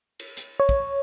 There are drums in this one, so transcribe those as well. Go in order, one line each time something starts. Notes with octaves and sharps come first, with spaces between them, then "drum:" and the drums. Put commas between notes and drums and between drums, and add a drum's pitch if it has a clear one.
drum: cymbal
drum: hi-hat
C#5
drum: kick